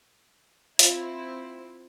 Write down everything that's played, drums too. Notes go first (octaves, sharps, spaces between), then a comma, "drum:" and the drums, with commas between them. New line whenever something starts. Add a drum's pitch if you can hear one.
C4 E4 F4 F5 B5, drum: hi-hat